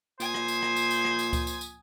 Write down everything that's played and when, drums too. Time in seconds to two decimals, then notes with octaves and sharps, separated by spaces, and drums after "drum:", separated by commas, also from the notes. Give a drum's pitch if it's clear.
0.20 A#2 C5 G#5 D#6, drum: tambourine
0.34 drum: rim click
0.48 drum: tambourine
0.62 drum: rim click
0.77 drum: tambourine
0.91 drum: tambourine
1.05 drum: rim click
1.19 drum: tambourine
1.33 drum: kick C#2, tambourine
1.47 drum: tambourine
1.61 drum: tambourine